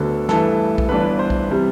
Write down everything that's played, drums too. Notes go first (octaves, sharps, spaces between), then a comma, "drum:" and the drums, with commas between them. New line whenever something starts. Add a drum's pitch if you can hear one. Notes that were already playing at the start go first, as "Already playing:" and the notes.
Already playing: D2 D3 F#3 B3 A4
G2 E3 A3 A4, drum: snare
drum: kick
G1 G2 E3 B3 D4 B4
C5
drum: kick
C3 E3 G3